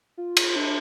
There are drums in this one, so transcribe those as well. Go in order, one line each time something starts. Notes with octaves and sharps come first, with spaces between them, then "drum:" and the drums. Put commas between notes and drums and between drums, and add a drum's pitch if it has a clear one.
F4
drum: cymbal
D4